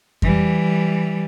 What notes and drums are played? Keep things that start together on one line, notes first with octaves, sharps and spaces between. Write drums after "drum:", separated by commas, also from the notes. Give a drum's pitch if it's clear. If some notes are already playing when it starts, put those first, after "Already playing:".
E3 G3, drum: kick F2